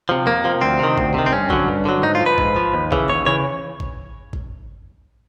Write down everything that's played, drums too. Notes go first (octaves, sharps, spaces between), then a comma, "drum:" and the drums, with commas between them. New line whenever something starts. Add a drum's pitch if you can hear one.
C3 F3
F2 A#3
C3 F3
D2 C4
C3 D#3
D2, drum: kick G#1
C3 D#3
C4
G2 C#4
D3 F#3, drum: kick G#1
G2
D3 F#3
G#2 D#4
F4
F3
B4
G#2, drum: kick G#1
F3
D#2
C#3 E3, drum: kick G#1
D#2 C#5
C#3 E3 C#5
drum: kick G#1
drum: kick G#1